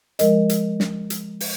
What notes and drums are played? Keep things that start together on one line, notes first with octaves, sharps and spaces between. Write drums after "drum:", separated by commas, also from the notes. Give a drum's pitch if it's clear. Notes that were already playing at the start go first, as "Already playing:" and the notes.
F3 G#3 A#4 D#5, drum: hi-hat
drum: hi-hat
drum: snare
drum: hi-hat
drum: open hi-hat